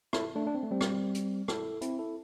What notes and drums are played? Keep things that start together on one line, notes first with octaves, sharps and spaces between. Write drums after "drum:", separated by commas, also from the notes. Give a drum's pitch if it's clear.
E4 A4, drum: rim click
A3 D4
D4
C4
A3
G3 C4
drum: rim click
drum: hi-hat
E4 A4, drum: rim click
C4 E4, drum: hi-hat
E4 A4